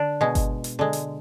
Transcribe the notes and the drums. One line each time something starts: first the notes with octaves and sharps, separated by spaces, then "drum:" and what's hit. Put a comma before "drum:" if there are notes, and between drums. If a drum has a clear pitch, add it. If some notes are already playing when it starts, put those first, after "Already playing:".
Already playing: D3 D4
B2 G#3
drum: kick G1, hi-hat
drum: hi-hat
D3 G#3
drum: hi-hat